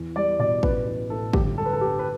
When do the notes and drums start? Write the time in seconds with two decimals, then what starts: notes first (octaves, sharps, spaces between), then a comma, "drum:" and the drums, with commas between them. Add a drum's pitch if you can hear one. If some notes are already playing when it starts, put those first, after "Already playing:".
Already playing: E2
0.16 G3 D5
0.39 B2 D5
0.63 A1 B4, drum: kick
0.87 E3
1.10 A2 A4
1.33 G1 G4, drum: kick
1.57 G3 A4
1.65 B4
1.73 A4
1.81 G2 G4
1.99 B4